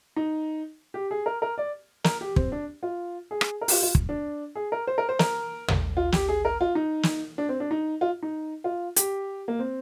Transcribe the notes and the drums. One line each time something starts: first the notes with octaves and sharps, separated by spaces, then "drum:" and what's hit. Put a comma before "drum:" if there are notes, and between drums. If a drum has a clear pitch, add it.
D#4
G4
G#4
A#4
A#4
D5
A#4, drum: snare
G4
C4, drum: kick
D4
F4
G#4
drum: rim click
A#4
G4, drum: open hi-hat
F4
F4
drum: kick
D4
G#4
A#4
C5
A#4
C5
A#4, drum: snare
drum: tom
F4
G4, drum: snare
G#4
A#4
F4
D#4
drum: snare
D4
C4
D4
D#4
F4
D#4
F4
G4, drum: hi-hat
A#3
C4